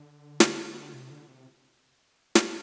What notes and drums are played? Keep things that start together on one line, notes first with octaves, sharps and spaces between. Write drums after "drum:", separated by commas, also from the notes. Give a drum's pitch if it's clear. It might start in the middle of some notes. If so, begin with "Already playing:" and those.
Already playing: D3
drum: snare
C3
D3
C3
drum: snare